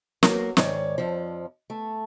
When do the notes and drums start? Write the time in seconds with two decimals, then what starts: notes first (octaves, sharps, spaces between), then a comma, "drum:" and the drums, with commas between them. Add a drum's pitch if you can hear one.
0.23 F#3 A#3 A#4, drum: snare
0.57 G#2 D#3 C#5 D5, drum: snare
0.98 F2 F3
1.70 A3